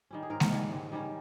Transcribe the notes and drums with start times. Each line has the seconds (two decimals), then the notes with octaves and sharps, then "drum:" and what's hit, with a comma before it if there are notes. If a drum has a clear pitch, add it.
0.11 D#3 G3 C#4
0.22 G#4
0.30 G#2 A#4
0.40 drum: snare G#3
0.50 D#3 G3 C#4
0.70 G#2
0.92 D#3 G3 C#4